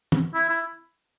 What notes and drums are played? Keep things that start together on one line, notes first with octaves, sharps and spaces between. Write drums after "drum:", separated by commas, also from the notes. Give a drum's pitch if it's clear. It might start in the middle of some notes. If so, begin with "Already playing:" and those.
drum: tom
E4
E4